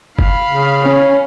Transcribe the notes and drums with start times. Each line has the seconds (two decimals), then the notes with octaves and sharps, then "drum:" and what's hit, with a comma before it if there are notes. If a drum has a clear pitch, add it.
0.19 F5 B5, drum: kick F#1
0.49 C#3
0.82 C#4